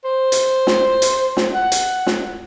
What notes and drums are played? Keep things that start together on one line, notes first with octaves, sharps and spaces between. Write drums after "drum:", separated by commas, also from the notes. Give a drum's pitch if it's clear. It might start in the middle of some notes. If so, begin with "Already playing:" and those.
C5
drum: hi-hat
drum: snare
drum: hi-hat
drum: snare
F#5
drum: hi-hat
drum: snare